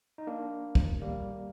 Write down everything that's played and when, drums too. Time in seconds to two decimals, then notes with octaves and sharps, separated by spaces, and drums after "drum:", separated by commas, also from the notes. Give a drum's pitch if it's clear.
0.18 D#4
0.27 A#3 D4
0.75 drum: kick
1.02 G3 A#3